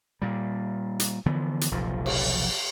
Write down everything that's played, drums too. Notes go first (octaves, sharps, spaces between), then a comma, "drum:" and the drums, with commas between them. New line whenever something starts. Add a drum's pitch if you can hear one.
A#2 G3
drum: hi-hat
D3 E3 F3 B3
drum: hi-hat
F1 B1 A#2 F3
drum: cymbal